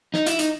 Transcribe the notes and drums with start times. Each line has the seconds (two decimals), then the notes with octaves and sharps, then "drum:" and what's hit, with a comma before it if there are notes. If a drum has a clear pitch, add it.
0.14 D#4, drum: snare
0.26 E4, drum: hi-hat
0.39 D#4, drum: hi-hat